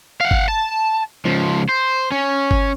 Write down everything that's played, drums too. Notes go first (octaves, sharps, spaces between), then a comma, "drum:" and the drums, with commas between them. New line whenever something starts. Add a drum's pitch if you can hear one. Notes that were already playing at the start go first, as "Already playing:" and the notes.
F5 F#5
drum: kick G1
A5
C#2 F3
C5
C#4
drum: kick G1